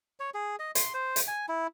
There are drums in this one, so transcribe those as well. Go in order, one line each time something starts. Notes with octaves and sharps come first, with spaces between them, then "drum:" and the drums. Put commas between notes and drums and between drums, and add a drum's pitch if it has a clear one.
C#5
G#4
D#5
C6, drum: hi-hat
C5
drum: hi-hat
G#5
E4